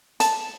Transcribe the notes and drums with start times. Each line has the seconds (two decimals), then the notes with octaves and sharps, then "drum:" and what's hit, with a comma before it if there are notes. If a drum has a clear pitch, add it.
0.20 A5, drum: hi-hat